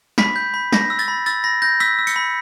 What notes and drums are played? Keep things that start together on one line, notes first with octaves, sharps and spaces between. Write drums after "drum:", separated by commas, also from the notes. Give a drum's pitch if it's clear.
B5 B6, drum: snare
G6
B5
B5 A#6, drum: snare
E6
A6, drum: tambourine
B5
E6 A6, drum: tambourine
B5 A#6
G6 A#6
E6 B6, drum: tambourine
E6
C#7, drum: tambourine
B5